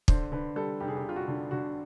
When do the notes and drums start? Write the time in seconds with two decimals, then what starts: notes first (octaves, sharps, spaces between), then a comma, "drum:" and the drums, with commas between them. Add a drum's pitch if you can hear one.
0.08 D3 C5, drum: kick
0.32 D3 B4
0.56 G3 A4
0.80 F1 G4
0.88 G#4
0.97 G4
1.04 F1
1.09 F4
1.16 F#4
1.28 D3
1.51 D3 F#4